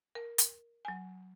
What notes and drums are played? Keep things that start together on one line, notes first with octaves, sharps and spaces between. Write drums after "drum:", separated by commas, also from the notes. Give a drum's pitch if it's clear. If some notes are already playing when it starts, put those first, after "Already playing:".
A#4
drum: hi-hat
F#3 G#5